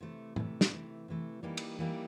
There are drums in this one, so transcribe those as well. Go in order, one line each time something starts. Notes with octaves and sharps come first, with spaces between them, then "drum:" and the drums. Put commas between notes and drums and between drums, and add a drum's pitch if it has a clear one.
C3 E3 A3
C3 E3 A3, drum: tom
drum: snare
C3 E3 A3
C3 E3 A3
E3 G3 A#3 D#4 G4
drum: cymbal
E3 G3 A#3 D#4 G4